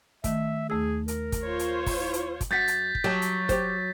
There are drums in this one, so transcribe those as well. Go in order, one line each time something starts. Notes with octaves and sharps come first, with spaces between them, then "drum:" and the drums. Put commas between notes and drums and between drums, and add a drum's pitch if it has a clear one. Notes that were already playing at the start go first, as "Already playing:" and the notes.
D#3 A3 E5, drum: kick, hi-hat
D#2 A3 G#4 E6
A#4, drum: hi-hat
drum: kick, hi-hat
F4 C5 C#5
drum: hi-hat
drum: kick, open hi-hat
E4
drum: hi-hat
drum: kick, hi-hat
F#2 F#5 G6 A6 B6
drum: hi-hat
drum: kick
F#3 G4 D#5 A5
drum: hi-hat
G4 C5, drum: kick, hi-hat